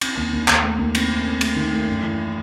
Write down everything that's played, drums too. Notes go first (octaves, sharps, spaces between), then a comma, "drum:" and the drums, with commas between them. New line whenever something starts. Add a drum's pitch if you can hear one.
C4, drum: cymbal
D#2
D#2
D#2, drum: clap
A3
D#2
C4, drum: cymbal
C4
C4
A3, drum: cymbal
D#3
A3
F#2
E3